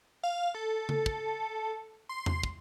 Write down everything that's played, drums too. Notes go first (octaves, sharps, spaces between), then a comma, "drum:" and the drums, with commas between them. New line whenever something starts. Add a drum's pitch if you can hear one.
F5
A4
drum: tom C#3
drum: kick
C6
drum: tom E2
drum: kick